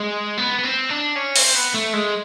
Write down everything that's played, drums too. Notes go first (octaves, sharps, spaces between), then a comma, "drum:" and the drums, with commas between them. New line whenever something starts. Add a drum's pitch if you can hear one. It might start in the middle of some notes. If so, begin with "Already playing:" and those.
Already playing: G#3
B3
B3
C4
D4
C#4
C4, drum: open hi-hat
B3
A3
G#3